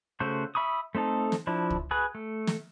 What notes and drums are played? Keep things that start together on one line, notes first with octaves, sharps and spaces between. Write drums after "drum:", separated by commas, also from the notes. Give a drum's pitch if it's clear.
C#3 A3 F#4 C5
E5 B5 C#6 D#6
A3 C4 D#4 A4
drum: snare
F3 D4 E4
drum: kick
F#4 G#4 B4 F#5
A3
drum: snare